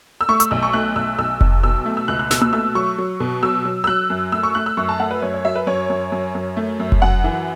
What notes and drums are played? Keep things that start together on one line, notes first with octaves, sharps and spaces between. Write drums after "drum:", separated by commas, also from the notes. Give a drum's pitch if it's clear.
E6
A3 C#6
E6, drum: hi-hat
B1 E6
C#6
A3 F#6
B1 E6
B1 E6
B1, drum: kick F1
B2 E6
A3
E6
C#2 F#6
F#6
B2 E6, drum: snare
E6, drum: tom A#3
A3 E6
F#3 C#6
F#3
B2
F#3 E6
F#3
E6
F#3 F#6
F#2
A3 E6
C#6
A3 F#6
E6
F#2 C#6
A5
A3 F#5
B4
F#2 C#5
C#5
F#3 E5
B4
F#2 C#5
F#2
F#2
F#2
A3
F#2
drum: kick F1
F#2 F#5
E3